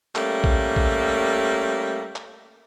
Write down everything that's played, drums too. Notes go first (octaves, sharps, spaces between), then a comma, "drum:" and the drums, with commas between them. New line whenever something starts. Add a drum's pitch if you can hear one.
G3 A3 A#3 C#4, drum: clap
drum: kick A#1
drum: kick A#1
drum: clap